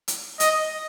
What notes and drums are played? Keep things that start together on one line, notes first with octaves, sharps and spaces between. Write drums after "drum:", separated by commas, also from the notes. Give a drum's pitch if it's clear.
drum: hi-hat
D#5, drum: hi-hat